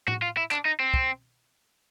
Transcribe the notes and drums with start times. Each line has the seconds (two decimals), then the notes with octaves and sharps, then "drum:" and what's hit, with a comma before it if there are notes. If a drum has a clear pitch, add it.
0.08 F#4, drum: tom A2
0.22 F4
0.37 E4
0.51 D4, drum: clap
0.65 D#4
0.80 C4
0.94 drum: kick